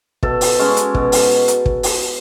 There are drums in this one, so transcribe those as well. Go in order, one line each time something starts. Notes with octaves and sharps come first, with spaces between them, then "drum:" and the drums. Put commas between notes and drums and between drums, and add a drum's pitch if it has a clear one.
B2 A4, drum: kick
drum: open hi-hat
G#3 C#4
drum: hi-hat
B2, drum: kick
drum: open hi-hat
drum: hi-hat
drum: kick
drum: open hi-hat